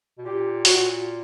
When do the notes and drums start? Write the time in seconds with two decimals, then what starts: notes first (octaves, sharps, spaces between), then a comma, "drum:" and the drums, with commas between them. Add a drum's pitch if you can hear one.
0.18 B2
0.25 A#2 G4
0.65 A#2 F#4, drum: open hi-hat